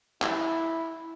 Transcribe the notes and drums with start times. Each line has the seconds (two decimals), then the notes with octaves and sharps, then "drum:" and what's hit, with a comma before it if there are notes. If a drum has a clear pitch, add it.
0.22 E4, drum: clap